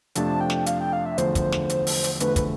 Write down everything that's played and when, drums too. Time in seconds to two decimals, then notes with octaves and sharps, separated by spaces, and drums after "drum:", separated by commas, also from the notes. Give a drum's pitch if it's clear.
0.15 F2 C3 F3 A3 D4 A5, drum: hi-hat
0.41 G5
0.50 drum: snare
0.66 F5, drum: hi-hat
0.80 G5
0.93 F5
1.06 E5
1.18 E2 D3 F3 A3 C5, drum: hi-hat
1.35 drum: kick, hi-hat
1.52 drum: snare
1.69 drum: hi-hat
1.87 drum: open hi-hat
2.04 drum: hi-hat
2.20 E2 D3 F3 A3 B4, drum: hi-hat
2.36 B4, drum: kick, hi-hat